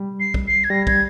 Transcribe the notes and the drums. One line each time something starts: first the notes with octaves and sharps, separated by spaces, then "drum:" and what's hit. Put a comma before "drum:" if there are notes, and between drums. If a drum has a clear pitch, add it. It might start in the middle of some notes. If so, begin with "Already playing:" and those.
Already playing: G3
C7
drum: kick
C7
G#6
G3 A#6
G#6, drum: kick